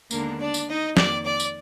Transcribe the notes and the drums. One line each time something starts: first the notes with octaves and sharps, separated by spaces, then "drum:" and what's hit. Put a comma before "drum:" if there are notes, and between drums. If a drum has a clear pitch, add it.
D#2 D3 G#3 A#3 B3 D4 A#4, drum: tambourine
D4 D5
drum: tambourine
D#4 D#5
F2 D#3 A#3 D5 D6, drum: snare
D5 D6
drum: tambourine